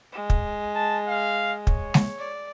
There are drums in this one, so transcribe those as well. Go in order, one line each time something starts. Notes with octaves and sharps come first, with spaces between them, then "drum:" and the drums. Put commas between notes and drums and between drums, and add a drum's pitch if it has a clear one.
G#3
drum: kick
A5
F5
C#5, drum: kick
drum: snare G#3
D5